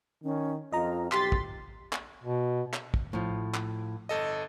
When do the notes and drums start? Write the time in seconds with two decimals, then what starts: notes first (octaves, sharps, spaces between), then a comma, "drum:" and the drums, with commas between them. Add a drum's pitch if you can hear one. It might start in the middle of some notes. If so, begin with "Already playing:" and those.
0.24 D#3 C#4
0.73 F2 F4 D#5 A#5
1.12 B1 G4 C6 A6 B6, drum: clap
1.32 drum: kick
1.93 drum: clap
2.24 B2
2.74 drum: clap
2.94 drum: kick
3.13 A2 F3
3.54 drum: clap
4.09 G1 A4 D#5